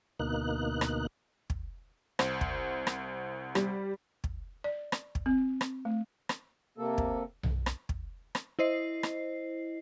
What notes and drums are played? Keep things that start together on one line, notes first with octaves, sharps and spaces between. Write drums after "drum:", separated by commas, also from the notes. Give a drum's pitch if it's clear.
D2 B2 A#3 D#4 F#6
drum: rim click
drum: kick
C2 C5, drum: rim click
drum: kick
drum: rim click
G3, drum: rim click
drum: kick
D5
drum: rim click
drum: kick
C4
drum: rim click
A3
drum: rim click
C3 A#3 A4
drum: kick
drum: tom B1
drum: rim click
drum: kick
drum: rim click
E4 C5 D#5 C7
drum: rim click